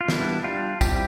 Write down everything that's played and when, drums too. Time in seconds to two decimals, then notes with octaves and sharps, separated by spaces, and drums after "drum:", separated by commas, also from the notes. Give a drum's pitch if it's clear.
0.01 F4
0.08 G3 B3 D4 E4, drum: snare
0.44 G3 D4 F4
0.81 G3 C4 E4 G4, drum: kick, tambourine